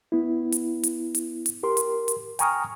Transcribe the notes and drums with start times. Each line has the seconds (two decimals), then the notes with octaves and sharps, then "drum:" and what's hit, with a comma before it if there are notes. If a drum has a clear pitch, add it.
0.12 B3 E4
0.52 drum: hi-hat
0.83 drum: hi-hat
1.15 drum: hi-hat
1.46 drum: hi-hat
1.63 G4 A#4 C6
1.77 drum: hi-hat
2.08 drum: hi-hat
2.39 G5 G#5 A#5 C#6 D#6 F6, drum: hi-hat